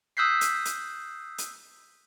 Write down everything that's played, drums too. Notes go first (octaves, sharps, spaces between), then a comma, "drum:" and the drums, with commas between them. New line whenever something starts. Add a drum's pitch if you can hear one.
D#6 E6 F#6 G6 B6 C7
drum: hi-hat
drum: hi-hat
drum: hi-hat